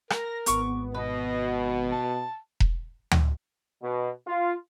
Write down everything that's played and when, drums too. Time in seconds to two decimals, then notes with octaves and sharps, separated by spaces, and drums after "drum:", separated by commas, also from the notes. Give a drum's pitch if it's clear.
0.10 A#4 A#6, drum: rim click
0.46 G#1 B3 C#6 D6, drum: hi-hat
0.95 B2 B4 D#5
1.91 A5
2.60 drum: kick E1
3.11 drum: tom D2
3.82 B2
4.27 F4